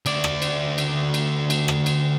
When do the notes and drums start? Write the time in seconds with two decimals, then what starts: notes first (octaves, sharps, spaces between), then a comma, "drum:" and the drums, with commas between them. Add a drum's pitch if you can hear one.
0.06 D2 D5, drum: cymbal
0.24 drum: rim click
0.42 drum: cymbal
0.78 drum: cymbal
1.14 drum: cymbal
1.50 drum: cymbal
1.68 drum: rim click
1.86 drum: cymbal